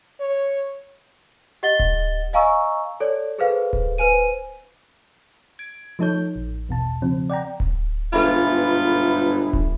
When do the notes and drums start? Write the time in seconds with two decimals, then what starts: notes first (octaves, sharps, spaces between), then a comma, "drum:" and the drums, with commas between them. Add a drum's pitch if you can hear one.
0.20 C#5
1.63 G4 D#5 F#5 A6 G7
1.79 drum: kick D1
2.33 D#5 F5 G#5 A#5 C#6 E6
3.00 A4 C#5 D5
3.38 G#4 A4 B4 C5 F5
3.73 drum: kick D1
3.98 B4 C5 G#5 D#7
5.59 G#6 D7
5.99 F3 A3 D#4 A4 C#5 G6
6.36 A1
6.69 E2 B2 A5
7.02 C#3 F3 C4
7.30 D5 F#5 G5 A#5
7.60 drum: kick D1
8.13 G1 G#2 B2 B3 F4 A4 E5 B5
9.53 drum: kick D1